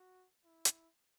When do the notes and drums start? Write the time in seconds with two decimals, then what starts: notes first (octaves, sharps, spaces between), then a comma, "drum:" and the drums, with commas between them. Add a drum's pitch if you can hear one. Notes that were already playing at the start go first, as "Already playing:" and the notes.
Already playing: F#4
0.45 E4
0.65 drum: hi-hat